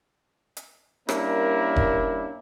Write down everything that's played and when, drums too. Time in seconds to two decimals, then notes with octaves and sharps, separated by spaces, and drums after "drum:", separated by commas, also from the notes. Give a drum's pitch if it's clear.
0.57 drum: hi-hat
1.09 G3 A#3 C#4 D4 E4 A#4, drum: rim click
1.76 drum: kick F1